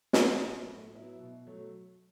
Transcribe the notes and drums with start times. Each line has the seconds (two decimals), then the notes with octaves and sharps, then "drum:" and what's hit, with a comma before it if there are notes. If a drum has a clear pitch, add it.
0.13 A2, drum: snare
0.40 F#3 B3 E4
0.67 A2
0.94 F#3 B3 E4
1.20 B2
1.47 F#3 A3